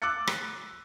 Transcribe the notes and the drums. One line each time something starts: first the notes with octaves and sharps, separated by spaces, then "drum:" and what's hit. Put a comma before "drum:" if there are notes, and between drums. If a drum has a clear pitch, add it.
D6 E6 F#6 A6 C#7
drum: rim click